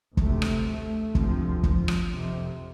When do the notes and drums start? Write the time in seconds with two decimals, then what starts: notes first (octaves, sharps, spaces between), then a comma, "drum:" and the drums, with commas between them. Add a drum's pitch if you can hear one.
0.17 D2 C3 A3, drum: kick
0.42 drum: rim click
0.66 A3
1.15 D2 C3 F3, drum: kick
1.63 F3, drum: kick
1.88 drum: rim click
2.12 F2 C3